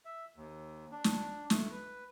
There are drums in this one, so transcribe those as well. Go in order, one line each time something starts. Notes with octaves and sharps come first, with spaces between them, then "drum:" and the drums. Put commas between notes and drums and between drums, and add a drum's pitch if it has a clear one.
E5
D#2
D4
drum: snare
A3, drum: snare
B4